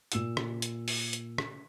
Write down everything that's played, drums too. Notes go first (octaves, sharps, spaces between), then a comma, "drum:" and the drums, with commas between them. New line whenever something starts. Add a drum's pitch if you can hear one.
A#2 E6 E7, drum: hi-hat
drum: rim click
drum: hi-hat
drum: open hi-hat
drum: hi-hat
drum: rim click